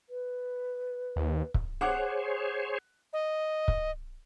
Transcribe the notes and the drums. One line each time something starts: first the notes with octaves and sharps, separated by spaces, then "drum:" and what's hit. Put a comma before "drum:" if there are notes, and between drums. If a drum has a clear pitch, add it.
B4
D#2
drum: kick C#1
G#4 C5 C#5 F#5 D6 F#6
D#5
drum: kick C#1